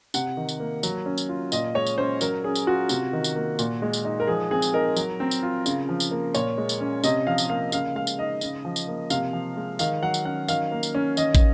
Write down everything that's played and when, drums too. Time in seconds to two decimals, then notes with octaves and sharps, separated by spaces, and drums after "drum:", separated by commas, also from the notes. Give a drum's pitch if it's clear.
0.14 C3 F#5, drum: tambourine
0.37 D#3
0.49 drum: tambourine
0.60 A#3
0.83 F#3, drum: tambourine
1.06 C#4
1.18 drum: tambourine
1.29 F4
1.52 A#2 D#5, drum: tambourine
1.75 G#3 C#5
1.87 drum: tambourine
1.98 C#4 C5
2.21 F#3 A#4, drum: tambourine
2.44 C#4 G#4
2.55 drum: tambourine
2.67 F4 F#4
2.89 C3, drum: tambourine
3.13 D#3
3.24 drum: tambourine
3.36 A#3
3.59 A#2, drum: tambourine
3.82 G#3
3.93 drum: tambourine
4.05 D#4
4.20 A#4
4.27 F3 G#4
4.51 C4 G#4
4.62 drum: tambourine
4.74 D#4 A#4
4.96 F#3, drum: tambourine
5.20 C4
5.31 drum: tambourine
5.43 F4
5.66 C#3, drum: tambourine
5.89 F3
6.00 drum: tambourine
6.11 A#3
6.34 A#2 C#5, drum: tambourine
6.58 G#3
6.69 drum: tambourine
6.81 C#4
7.04 C3 D#5, drum: tambourine
7.27 F3 F5
7.38 drum: tambourine
7.49 A#3 F5
7.72 C#3 F5, drum: tambourine
7.95 G#3 F5
8.07 drum: tambourine
8.19 D#4 D#5
8.41 C#3, drum: tambourine
8.65 F3
8.76 drum: tambourine
8.88 A#3
9.10 C3 F5, drum: tambourine
9.33 F3
9.57 G#3
9.79 D#3 F5, drum: tambourine
10.02 F#3 F#5
10.14 drum: tambourine
10.25 C#4 F#5
10.48 D#3 F5, drum: tambourine
10.72 A#3
10.83 drum: tambourine
10.95 C#4
11.17 D#3 D#5, drum: tambourine
11.35 drum: kick, tambourine